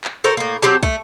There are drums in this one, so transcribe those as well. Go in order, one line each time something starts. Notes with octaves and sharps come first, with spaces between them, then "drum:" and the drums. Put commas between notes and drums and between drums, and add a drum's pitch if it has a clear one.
drum: clap
F#4 A4 A#4 C5
A2 A#3
F#3 C4 G4 A5
A3, drum: kick